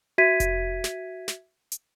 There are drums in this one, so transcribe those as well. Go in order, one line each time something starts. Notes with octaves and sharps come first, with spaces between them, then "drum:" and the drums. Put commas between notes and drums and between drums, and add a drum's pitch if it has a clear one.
F#4 E5 G#6 B6 D#7
drum: kick F1, hi-hat
drum: snare
drum: snare
drum: hi-hat